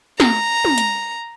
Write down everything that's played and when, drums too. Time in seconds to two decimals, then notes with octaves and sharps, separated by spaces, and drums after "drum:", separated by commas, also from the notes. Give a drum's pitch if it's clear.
0.20 A#5, drum: snare
0.65 drum: tom
0.78 drum: hi-hat